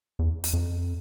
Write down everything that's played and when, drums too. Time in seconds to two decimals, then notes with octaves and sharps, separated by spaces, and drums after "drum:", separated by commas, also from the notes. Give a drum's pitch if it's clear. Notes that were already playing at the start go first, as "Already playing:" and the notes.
0.19 E2
0.44 drum: hi-hat
0.53 F2